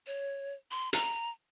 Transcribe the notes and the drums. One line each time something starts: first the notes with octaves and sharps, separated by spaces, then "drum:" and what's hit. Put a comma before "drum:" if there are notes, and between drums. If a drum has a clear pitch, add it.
C#5
C6
A#5, drum: hi-hat